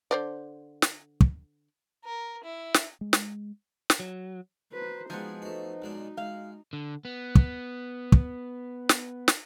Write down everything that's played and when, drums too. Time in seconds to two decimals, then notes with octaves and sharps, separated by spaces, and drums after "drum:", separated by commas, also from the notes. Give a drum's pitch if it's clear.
0.11 D3 C5 D5
0.82 drum: snare
1.21 drum: kick
2.04 A#4
2.44 E4
2.74 drum: snare
3.01 G#3
3.13 drum: snare
3.90 drum: snare
4.00 F#3
4.73 F#4 B4 C5 A#5
5.10 F3 G#3 B3 C4 D#4 G#4 G#5
5.42 A3 D#4 F#4 B4 C5 D#5
5.82 B1 G#3 D4 F#4
6.17 G#3 F5
6.73 D3
7.05 B3
7.36 drum: kick
8.12 drum: kick
8.89 drum: snare
9.28 drum: snare